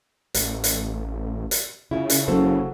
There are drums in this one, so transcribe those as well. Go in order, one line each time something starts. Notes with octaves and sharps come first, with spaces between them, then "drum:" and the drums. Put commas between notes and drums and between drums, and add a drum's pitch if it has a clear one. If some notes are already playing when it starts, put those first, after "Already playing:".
A1, drum: hi-hat
drum: hi-hat
drum: hi-hat
C#3 E4 F4
drum: hi-hat
F#1 F#3 A4 C5